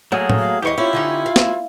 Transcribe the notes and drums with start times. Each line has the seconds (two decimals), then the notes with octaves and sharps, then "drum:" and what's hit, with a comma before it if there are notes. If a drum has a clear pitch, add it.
0.12 F#3 A3 A#3 G#4
0.30 drum: tom A2
0.39 F5
0.62 E2 E4 G4 C5 D#5 C#6
0.78 C#4 E4 F4
0.93 D3 C#4 D#4
1.26 F5
1.36 drum: snare